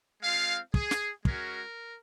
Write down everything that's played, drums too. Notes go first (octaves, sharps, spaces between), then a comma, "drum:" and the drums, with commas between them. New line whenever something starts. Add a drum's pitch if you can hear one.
G#3 C4 F4 F5
G#4, drum: kick
drum: snare
G#3 C#4 F#4 A#4, drum: kick